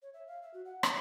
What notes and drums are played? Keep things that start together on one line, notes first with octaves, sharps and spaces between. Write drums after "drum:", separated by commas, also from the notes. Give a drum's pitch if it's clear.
C#5
E5
F5
E5
F#4
F#5
C5, drum: rim click